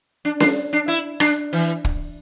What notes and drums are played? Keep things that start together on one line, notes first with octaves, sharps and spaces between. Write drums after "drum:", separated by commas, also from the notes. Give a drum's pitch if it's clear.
D4
D4, drum: snare C#4
D4
E4
D4, drum: rim click
E3
drum: kick